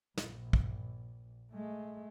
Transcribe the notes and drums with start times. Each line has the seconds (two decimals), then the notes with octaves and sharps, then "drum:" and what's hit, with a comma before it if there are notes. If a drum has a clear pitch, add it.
0.18 A#1, drum: snare
0.53 drum: kick
1.52 G#3 A3